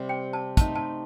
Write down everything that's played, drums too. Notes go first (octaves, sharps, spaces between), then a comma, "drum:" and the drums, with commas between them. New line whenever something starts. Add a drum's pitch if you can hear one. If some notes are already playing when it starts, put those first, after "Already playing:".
Already playing: C3 G3 C4
G5
A5
A3 C4 D#4 A5, drum: kick, hi-hat
A5